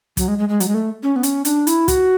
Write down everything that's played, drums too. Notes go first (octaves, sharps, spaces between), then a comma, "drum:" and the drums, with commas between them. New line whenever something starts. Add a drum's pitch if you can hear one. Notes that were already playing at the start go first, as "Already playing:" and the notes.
F#3, drum: kick, hi-hat
G#3
G#3
G#3
F#3, drum: hi-hat
G#3
A3
C#4
B3
C#4, drum: hi-hat
D4, drum: hi-hat
E4, drum: hi-hat
F#4, drum: kick, hi-hat